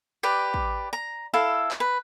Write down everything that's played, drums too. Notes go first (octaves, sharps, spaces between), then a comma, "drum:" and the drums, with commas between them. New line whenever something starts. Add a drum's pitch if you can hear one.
G4 B4 D5
drum: kick
A#5
E4 A4 F5
drum: clap
B4